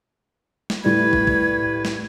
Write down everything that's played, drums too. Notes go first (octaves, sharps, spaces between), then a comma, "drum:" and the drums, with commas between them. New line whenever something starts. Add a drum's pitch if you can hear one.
drum: snare
A2 G3 B4 G#6
drum: kick
drum: kick
drum: snare